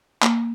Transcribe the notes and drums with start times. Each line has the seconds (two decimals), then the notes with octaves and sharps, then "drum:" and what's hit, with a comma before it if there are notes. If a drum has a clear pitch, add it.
0.22 A#3, drum: clap